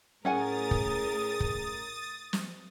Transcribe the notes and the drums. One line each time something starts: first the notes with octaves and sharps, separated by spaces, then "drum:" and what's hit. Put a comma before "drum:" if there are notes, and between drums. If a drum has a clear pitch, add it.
A2 C#4 G#4 A#4 F#5 G#5 D#6 A6
drum: kick
drum: kick
drum: snare